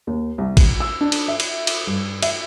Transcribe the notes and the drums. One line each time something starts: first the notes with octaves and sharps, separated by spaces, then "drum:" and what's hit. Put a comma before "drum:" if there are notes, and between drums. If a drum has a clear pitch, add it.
D#2
C2
drum: kick A1, cymbal
E6
D4
drum: cymbal
E5
drum: cymbal
drum: cymbal
G2
E5, drum: cymbal